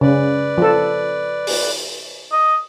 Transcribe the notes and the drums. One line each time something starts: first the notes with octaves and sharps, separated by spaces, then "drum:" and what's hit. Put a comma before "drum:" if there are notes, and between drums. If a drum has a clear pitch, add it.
C#3 B4 D5
F3 A4
drum: open hi-hat
D#5